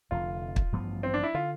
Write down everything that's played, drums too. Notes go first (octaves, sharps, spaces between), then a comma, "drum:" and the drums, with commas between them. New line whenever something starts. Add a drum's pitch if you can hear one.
F1 F2 D3 F4
drum: kick
A1 G2 F3 B3
C4
D4
E4
D3 F4